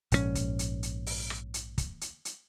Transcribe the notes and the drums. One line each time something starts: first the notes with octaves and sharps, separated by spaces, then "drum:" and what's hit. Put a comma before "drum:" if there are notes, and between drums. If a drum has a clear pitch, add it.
A#1 G#2 D3 C#4, drum: hi-hat
drum: kick, hi-hat
drum: hi-hat
drum: hi-hat
drum: open hi-hat
drum: rim click
drum: hi-hat
drum: kick, hi-hat
drum: hi-hat
drum: hi-hat